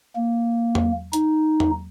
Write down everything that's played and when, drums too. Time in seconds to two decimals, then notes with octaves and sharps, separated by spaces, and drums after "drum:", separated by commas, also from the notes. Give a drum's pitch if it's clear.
0.16 A#3
0.75 drum: tom E2
1.13 D#4, drum: hi-hat
1.60 drum: tom E2